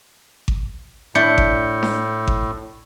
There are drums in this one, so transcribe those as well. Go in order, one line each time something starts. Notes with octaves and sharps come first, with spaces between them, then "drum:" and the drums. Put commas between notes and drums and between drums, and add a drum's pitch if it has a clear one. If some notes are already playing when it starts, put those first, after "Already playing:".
drum: kick G#1
A2 D4 E4 G6 C#7
drum: kick G#1
drum: snare D4
drum: kick G#1